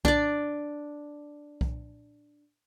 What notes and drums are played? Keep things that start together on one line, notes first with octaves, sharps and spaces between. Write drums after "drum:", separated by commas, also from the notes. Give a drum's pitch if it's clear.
D4 D5, drum: kick B1
drum: kick B1